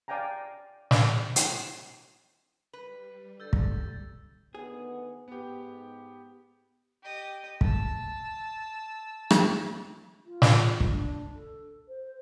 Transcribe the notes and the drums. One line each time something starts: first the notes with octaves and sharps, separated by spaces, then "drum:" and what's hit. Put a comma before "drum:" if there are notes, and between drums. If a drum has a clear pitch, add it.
D5 F5 G5 G#5 A#5
drum: snare
drum: hi-hat
G3 B4
D3 E6 G6 A6
drum: kick
D2 D#3 B3 G#4
G#2 B3 G4
G4 D#5
A5 E6, drum: kick
drum: rim click
F4
drum: snare
drum: kick
D4
A4
C5